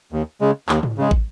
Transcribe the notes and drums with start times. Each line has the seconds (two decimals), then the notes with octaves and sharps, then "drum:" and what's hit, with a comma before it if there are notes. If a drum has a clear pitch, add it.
0.12 D#2
0.41 C#3 G#3
0.69 D#2, drum: clap
0.83 drum: tom G#2
0.98 C#3 G#3
1.11 drum: kick